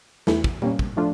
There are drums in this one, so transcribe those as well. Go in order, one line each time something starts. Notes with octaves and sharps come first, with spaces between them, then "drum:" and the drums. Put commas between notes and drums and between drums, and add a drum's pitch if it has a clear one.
E2 E3 A3 E4 A4, drum: snare
drum: kick
G3 A#3 C#4, drum: tom A#2
drum: kick
F3 A3 D4 F4